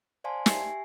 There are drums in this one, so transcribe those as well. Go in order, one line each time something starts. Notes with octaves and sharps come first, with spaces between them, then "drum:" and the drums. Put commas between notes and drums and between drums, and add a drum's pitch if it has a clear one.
C5 D5 F5 G#5 A5 C6
G4 E5 G5 G#5 C7, drum: snare